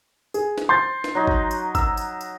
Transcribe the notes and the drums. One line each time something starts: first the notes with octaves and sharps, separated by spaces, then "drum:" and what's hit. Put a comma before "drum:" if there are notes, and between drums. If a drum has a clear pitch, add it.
G#4, drum: tambourine
drum: snare
C6 G6 A6
drum: snare
F#3 D#4
drum: kick
drum: tambourine
E6, drum: kick, tambourine
drum: tambourine
drum: tambourine